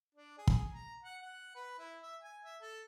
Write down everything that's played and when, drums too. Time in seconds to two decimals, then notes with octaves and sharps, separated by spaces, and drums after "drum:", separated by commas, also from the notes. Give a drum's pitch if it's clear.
0.15 D4
0.38 G#4
0.47 drum: kick
0.73 A#5
1.03 F#5
1.22 F#5
1.55 B4
1.79 E4
2.03 E5
2.22 G#5
2.44 E5
2.61 A4